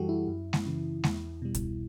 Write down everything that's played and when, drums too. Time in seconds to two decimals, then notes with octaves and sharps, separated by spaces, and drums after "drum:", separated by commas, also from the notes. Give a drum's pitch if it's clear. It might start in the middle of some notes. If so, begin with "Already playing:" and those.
Already playing: F#2 E3 G3 F#4 G4 A4
0.09 E4
0.28 F#2
0.53 drum: snare G#3
0.66 C#3 E3
1.04 E2, drum: snare G#3
1.42 B2 G3
1.55 drum: kick C2, hi-hat